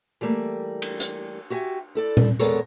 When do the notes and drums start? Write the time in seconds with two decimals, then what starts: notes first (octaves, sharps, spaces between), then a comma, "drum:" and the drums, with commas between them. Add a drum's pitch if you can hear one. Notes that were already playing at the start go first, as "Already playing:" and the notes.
0.21 E3 G3 A3 A#3
0.82 drum: cymbal
1.00 drum: hi-hat
1.50 F#4 G4 E5 G#5
1.95 E4 A4 D5
2.17 drum: tom A#2
2.39 E2 G#3 B3 A4 A#4 C#5, drum: tambourine